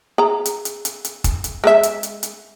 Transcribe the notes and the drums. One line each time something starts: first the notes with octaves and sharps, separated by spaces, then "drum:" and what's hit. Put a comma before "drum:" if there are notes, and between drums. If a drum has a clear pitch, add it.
G#4 A#5
drum: hi-hat
drum: hi-hat
drum: hi-hat
drum: hi-hat
drum: kick, hi-hat
drum: hi-hat
G#3 A4 E5
drum: hi-hat
drum: hi-hat
drum: hi-hat